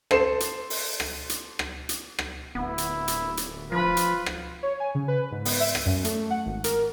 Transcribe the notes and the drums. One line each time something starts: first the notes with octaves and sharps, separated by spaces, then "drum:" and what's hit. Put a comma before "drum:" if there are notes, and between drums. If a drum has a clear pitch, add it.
A4 C5 C7 E7, drum: rim click
drum: hi-hat
drum: open hi-hat
drum: rim click
drum: hi-hat
drum: rim click
drum: hi-hat
drum: rim click
D1 B3 E4
drum: hi-hat
drum: hi-hat
drum: hi-hat
F3 F4 B4
drum: hi-hat
drum: rim click
C#5
G#5
C#3
B4
G#2
B3, drum: open hi-hat
E5
drum: rim click
F#2
A3, drum: hi-hat
F#5
G#1
A#4, drum: hi-hat